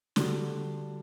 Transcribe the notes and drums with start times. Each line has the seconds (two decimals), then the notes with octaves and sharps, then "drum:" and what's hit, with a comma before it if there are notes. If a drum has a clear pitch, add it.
0.16 D3 G3 D4 F#4, drum: snare